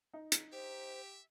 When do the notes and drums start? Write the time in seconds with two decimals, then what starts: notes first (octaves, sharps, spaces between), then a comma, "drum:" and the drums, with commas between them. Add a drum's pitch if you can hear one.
0.14 D#4
0.32 drum: hi-hat
0.53 G4 C5 E5